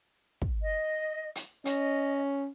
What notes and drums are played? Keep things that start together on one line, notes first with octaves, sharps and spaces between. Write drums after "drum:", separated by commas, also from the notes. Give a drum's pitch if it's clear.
drum: kick
D#5
drum: hi-hat
C#4 D#5, drum: hi-hat